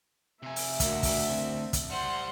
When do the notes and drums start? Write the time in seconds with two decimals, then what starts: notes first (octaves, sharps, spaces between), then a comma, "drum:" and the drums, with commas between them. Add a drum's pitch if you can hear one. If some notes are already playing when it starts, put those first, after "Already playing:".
0.43 C3 E5 G#5
0.56 drum: open hi-hat
0.80 D2 A#3 F#4, drum: kick, hi-hat
1.03 drum: kick, open hi-hat
1.26 C4
1.73 drum: kick, hi-hat
1.90 G3 C5 F#5 C6